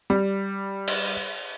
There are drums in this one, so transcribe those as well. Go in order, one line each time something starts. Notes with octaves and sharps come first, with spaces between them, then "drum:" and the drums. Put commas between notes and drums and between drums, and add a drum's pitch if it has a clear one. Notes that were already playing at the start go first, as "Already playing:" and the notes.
G3
drum: cymbal